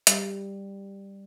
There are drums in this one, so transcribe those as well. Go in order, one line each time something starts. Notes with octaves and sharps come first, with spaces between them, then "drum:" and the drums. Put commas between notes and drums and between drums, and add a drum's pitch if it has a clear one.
G3, drum: hi-hat